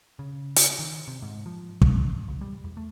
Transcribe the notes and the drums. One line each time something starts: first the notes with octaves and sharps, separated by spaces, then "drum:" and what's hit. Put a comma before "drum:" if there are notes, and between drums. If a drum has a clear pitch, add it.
C#3
drum: hi-hat
D#3
C3
G#2
F3
F2, drum: kick
C#2
G3
E2
A3